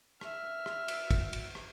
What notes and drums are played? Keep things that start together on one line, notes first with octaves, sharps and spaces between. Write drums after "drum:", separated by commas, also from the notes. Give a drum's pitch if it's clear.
E5 F6, drum: rim click
drum: rim click
drum: cymbal
drum: kick, cymbal
drum: cymbal
drum: rim click